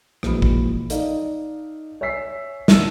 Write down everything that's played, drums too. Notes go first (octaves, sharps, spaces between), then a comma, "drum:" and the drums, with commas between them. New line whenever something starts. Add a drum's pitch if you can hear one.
A#1 E3 G#3 F#4 B5, drum: rim click
drum: kick
D#4 A4 D5 D#5 F5, drum: hi-hat
C#5 E5 G#5 E6 B6 C7
E5 A5 E6 D#7, drum: snare